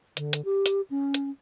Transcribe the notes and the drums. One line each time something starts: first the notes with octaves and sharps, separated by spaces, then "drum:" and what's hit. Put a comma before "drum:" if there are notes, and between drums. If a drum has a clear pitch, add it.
D3, drum: hi-hat
drum: hi-hat
G4
drum: hi-hat
C#4
drum: hi-hat